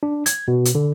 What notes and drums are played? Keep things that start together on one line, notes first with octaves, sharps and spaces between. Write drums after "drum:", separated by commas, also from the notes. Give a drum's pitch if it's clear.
D4
G#6, drum: hi-hat
B2
drum: hi-hat
D3